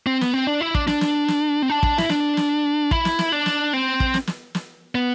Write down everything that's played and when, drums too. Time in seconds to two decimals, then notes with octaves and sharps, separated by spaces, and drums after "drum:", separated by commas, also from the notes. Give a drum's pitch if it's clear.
0.06 C4
0.21 B3, drum: snare
0.34 C4
0.47 D4
0.61 E4
0.75 D4, drum: kick
0.87 D4, drum: snare
1.01 drum: snare
1.28 drum: snare
1.62 C4
1.70 D4
1.83 drum: kick
1.98 E4, drum: snare
2.10 D4, drum: snare
2.37 drum: snare
2.91 E4, drum: kick
3.05 drum: snare
3.19 drum: snare
3.32 D4
3.46 drum: snare
3.73 C4
4.00 drum: kick
4.14 drum: snare
4.27 drum: snare
4.55 drum: snare
4.95 B3